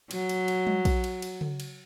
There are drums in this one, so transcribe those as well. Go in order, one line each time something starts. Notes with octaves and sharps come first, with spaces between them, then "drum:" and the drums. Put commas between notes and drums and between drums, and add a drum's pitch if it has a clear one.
F#3, drum: cymbal
drum: cymbal
drum: cymbal
drum: tom G3
drum: kick, cymbal
drum: cymbal
drum: cymbal
drum: tom C#3
drum: cymbal